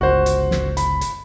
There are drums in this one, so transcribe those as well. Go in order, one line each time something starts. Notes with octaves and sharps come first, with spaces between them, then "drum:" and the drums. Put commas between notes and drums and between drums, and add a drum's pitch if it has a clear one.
G1 C#2 F#4 C5
drum: hi-hat
drum: snare
B5, drum: hi-hat
drum: hi-hat